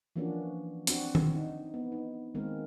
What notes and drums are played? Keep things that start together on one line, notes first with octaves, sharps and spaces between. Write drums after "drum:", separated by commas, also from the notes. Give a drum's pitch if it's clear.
E3 F3 A#3 C#4 D4 F#4
C4 D4 F#4, drum: hi-hat
drum: tom D#3
D#4
B3
D#4
D#3 G#3 A#3 C4 A#4